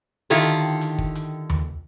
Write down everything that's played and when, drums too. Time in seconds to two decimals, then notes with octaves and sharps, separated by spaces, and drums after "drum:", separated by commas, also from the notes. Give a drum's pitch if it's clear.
0.30 D3 D#3 E4 F4 G4 A4
0.47 drum: hi-hat
0.81 drum: hi-hat
0.98 drum: kick
1.15 drum: hi-hat
1.50 drum: tom D#2